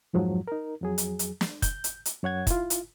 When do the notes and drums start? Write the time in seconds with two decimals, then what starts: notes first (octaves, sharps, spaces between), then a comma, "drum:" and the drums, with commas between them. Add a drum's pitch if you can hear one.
0.13 F2 G#2 F3 F#3
0.48 D#4 A#4
0.81 F2 F#3 G#4
0.98 drum: hi-hat
1.19 drum: hi-hat
1.41 drum: snare
1.62 G6, drum: kick, hi-hat
1.84 drum: hi-hat
2.06 drum: hi-hat
2.23 F#2 C#5 F#5 G#6
2.47 E4 F4, drum: kick, hi-hat
2.70 drum: hi-hat